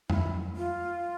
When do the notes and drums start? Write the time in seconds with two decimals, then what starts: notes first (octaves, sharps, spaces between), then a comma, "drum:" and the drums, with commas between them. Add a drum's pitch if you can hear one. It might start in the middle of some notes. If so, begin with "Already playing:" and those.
0.10 E4, drum: tom F2
0.56 F4